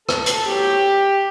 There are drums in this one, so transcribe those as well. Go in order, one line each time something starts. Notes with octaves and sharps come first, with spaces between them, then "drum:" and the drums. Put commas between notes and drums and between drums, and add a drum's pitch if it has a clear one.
A4, drum: rim click
drum: hi-hat
A2 F#3 B3 G4